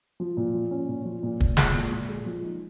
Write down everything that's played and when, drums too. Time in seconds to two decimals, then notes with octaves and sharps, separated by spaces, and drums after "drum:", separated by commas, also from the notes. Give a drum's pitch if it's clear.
0.20 F3
0.37 A#2
0.54 F3
0.71 C#4
0.88 A#2
1.05 F3
1.23 A#2
1.40 A#2, drum: kick
1.57 G#3, drum: snare
1.74 A#2
1.91 A#2
2.09 G#3
2.26 F3
2.43 D#4